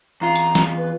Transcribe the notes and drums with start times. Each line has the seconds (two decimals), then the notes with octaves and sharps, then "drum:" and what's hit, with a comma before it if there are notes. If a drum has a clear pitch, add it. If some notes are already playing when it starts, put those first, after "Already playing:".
0.21 E2 F4 A#5
0.35 drum: hi-hat
0.55 drum: snare
0.77 B4